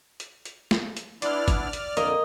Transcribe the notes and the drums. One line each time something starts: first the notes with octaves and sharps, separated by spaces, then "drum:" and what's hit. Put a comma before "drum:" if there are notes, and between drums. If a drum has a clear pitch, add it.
drum: hi-hat
drum: hi-hat
drum: snare
drum: hi-hat
B3 D4 E4 D5 C6 F6, drum: hi-hat
drum: kick, hi-hat
drum: hi-hat
F2 D3 A#3 D#5, drum: hi-hat